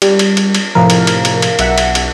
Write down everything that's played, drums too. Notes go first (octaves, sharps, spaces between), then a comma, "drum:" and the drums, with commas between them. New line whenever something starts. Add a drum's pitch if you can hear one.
G3, drum: cymbal
drum: cymbal
drum: cymbal
drum: cymbal
A2 C3 F3 A#4 F5
drum: cymbal
drum: cymbal
drum: cymbal
drum: cymbal
B1 E5 F#5, drum: cymbal
drum: cymbal
drum: cymbal